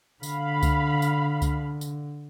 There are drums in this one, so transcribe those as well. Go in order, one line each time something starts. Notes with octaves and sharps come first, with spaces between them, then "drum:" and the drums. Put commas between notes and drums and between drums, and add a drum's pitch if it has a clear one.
D3 F5 B5, drum: tambourine
drum: kick C#2, tambourine
drum: tambourine
drum: kick C#2, tambourine
drum: tambourine